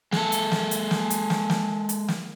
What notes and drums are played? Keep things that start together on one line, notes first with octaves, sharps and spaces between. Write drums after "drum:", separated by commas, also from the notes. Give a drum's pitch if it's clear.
G#3 A4, drum: snare
drum: hi-hat
drum: snare
drum: hi-hat
drum: snare
drum: hi-hat
drum: snare
drum: snare
drum: hi-hat
drum: snare